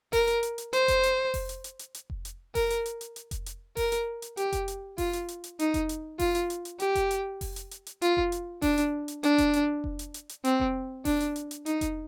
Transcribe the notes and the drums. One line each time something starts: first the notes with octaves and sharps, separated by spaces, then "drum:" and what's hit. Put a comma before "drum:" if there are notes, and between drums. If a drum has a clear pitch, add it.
A#4, drum: kick F1, open hi-hat
drum: hi-hat
drum: hi-hat
drum: hi-hat
C5, drum: hi-hat
drum: kick F1, hi-hat
drum: hi-hat
drum: kick F1, open hi-hat
drum: hi-hat
drum: hi-hat
drum: hi-hat
drum: hi-hat
drum: kick F1
drum: hi-hat
A#4, drum: kick F1, open hi-hat
drum: hi-hat
drum: hi-hat
drum: hi-hat
drum: hi-hat
drum: kick F1, hi-hat
drum: hi-hat
A#4, drum: kick F1, open hi-hat
drum: hi-hat
drum: hi-hat
G4, drum: hi-hat
drum: kick F1, hi-hat
drum: hi-hat
F4, drum: kick F1, open hi-hat
drum: hi-hat
drum: hi-hat
drum: hi-hat
D#4, drum: hi-hat
drum: kick F1, hi-hat
drum: hi-hat
F4, drum: kick F1, open hi-hat
drum: hi-hat
drum: hi-hat
drum: hi-hat
G4, drum: hi-hat
drum: kick F1, hi-hat
drum: hi-hat
drum: kick F1, open hi-hat
drum: hi-hat
drum: hi-hat
drum: hi-hat
F4, drum: hi-hat
drum: kick F1
drum: hi-hat
D4, drum: kick F1, open hi-hat
drum: hi-hat
drum: hi-hat
D4, drum: hi-hat
drum: kick F1, hi-hat
drum: hi-hat
drum: kick F1
drum: hi-hat
drum: hi-hat
drum: hi-hat
C4, drum: hi-hat
drum: kick F1
D4, drum: kick F1, open hi-hat
drum: hi-hat
drum: hi-hat
drum: hi-hat
D#4, drum: hi-hat
drum: kick F1, hi-hat